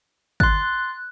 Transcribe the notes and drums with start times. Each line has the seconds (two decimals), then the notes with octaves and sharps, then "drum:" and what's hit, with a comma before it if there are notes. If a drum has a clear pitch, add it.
0.40 C6 F#6 A6, drum: kick G#1